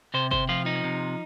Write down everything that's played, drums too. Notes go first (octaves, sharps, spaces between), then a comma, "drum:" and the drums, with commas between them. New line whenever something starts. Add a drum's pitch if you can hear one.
C3 C5
C5, drum: kick G1
F3 F4
D#4
C3